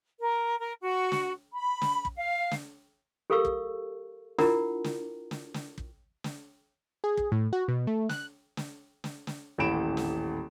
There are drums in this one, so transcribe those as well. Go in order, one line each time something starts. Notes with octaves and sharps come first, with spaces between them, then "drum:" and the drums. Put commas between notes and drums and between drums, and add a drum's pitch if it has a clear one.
A#4
A#4
F#4
drum: snare
B5
drum: snare
drum: kick
F5
drum: snare
G4 A4 A#4 F5 C#6 E6
drum: kick
D4 E4 F4 A#4 F#5 A#5, drum: snare
drum: snare
drum: snare
drum: snare
drum: kick
drum: snare
G#4
drum: kick
A2
F#4
B2
A3
F#6, drum: snare
drum: snare
drum: snare
drum: snare
D#1 A1 E3 B5 D7 E7
drum: snare